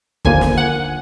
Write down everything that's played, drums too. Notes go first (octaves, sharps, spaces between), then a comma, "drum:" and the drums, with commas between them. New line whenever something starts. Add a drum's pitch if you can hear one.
D#2 D3 F3 A#3 G#5, drum: kick
drum: snare
F#5